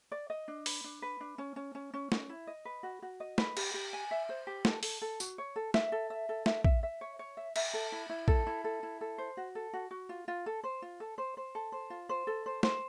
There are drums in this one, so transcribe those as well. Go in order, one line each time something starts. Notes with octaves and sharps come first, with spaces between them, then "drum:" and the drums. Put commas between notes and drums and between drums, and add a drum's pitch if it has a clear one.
D5
D#5
D4
B4, drum: open hi-hat
D4
B4
D4
C#4
C#4
C#4
C#4
C#4, drum: snare
E4
D#5
B4
F#4
F#4
D#5
B4, drum: snare
G4, drum: cymbal
G4
G#5
E5
C5
G4
A4, drum: snare
A4, drum: open hi-hat
A4
F#4, drum: tambourine
C#5
A4
E5, drum: snare
A4
E5
A4
E5, drum: snare
E5, drum: kick
E5
C#5
C#5
E5
E5, drum: cymbal
A4
E4
E4
A4, drum: kick
E4
A4
E4
A4
C5
F#4
A4
F#4
F#4
F4
F4
A4
C5
F4
A4
C5
C5
A4
C5
F4
C5
A4
C5
C5, drum: snare